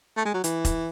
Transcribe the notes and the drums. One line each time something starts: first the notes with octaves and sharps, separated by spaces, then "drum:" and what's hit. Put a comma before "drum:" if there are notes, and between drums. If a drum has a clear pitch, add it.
A3
G#3
F#3
E3, drum: hi-hat
drum: kick E1, hi-hat